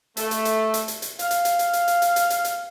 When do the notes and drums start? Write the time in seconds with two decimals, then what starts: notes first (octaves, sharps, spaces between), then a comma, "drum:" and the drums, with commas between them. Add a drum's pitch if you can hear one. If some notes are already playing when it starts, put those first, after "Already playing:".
0.17 A3, drum: hi-hat
0.31 drum: hi-hat
0.45 drum: hi-hat
0.74 drum: hi-hat
0.88 drum: hi-hat
1.02 drum: hi-hat
1.19 F5, drum: hi-hat
1.31 drum: hi-hat
1.45 drum: hi-hat
1.59 drum: hi-hat
1.73 drum: hi-hat
1.88 drum: hi-hat
2.02 drum: hi-hat
2.16 drum: hi-hat
2.30 drum: hi-hat
2.45 drum: hi-hat